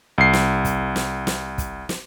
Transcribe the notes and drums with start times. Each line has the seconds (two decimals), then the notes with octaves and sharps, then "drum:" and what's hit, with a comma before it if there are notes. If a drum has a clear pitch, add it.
0.18 C2 C7
0.33 drum: snare
0.65 drum: kick, hi-hat
0.96 drum: snare
1.27 drum: snare
1.58 drum: kick, hi-hat
1.89 drum: snare